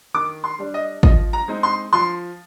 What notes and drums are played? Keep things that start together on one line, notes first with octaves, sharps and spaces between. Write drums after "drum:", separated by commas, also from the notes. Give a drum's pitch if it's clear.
D#3 D6
C6
G3 D4
D#5
F3 D#5, drum: kick
A#5
G#3 C4 D#4
C6
F3 C6